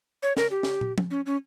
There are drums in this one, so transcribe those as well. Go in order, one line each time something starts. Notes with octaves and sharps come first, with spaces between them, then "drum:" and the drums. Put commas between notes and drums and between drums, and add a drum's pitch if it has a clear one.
C#5
A#4, drum: snare
G4
drum: snare
drum: tom
drum: tom
C#4
C#4